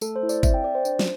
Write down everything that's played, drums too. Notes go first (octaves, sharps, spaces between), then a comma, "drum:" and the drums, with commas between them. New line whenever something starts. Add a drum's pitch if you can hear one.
A3 A4, drum: tambourine
C5
E4
D5, drum: tambourine
C4 E5, drum: kick, tambourine
G5
A4 D5
C5
D4, drum: tambourine
drum: snare